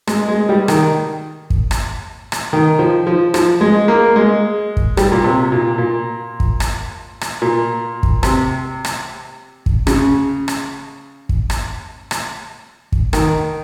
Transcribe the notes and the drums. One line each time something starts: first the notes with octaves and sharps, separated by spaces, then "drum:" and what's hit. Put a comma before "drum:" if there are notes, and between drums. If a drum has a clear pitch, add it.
G#3, drum: rim click
G#3
G3
D#3, drum: rim click
drum: kick
drum: rim click
drum: rim click
D#3
F3
F3
F3, drum: rim click
G#3
A#3
G#3
drum: kick
G3, drum: rim click
A#2
C3
A#2
A#2
drum: kick
drum: rim click
drum: rim click
A#2
drum: kick
C3, drum: rim click
drum: rim click
drum: kick
C#3, drum: rim click
drum: rim click
drum: kick
drum: rim click
drum: rim click
drum: kick
D#3, drum: rim click